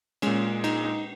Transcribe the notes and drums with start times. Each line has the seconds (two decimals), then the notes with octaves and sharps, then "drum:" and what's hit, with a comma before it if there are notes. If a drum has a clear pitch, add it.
0.22 A#2 G#3 C#4, drum: cymbal
0.64 D#4, drum: cymbal
0.84 D#4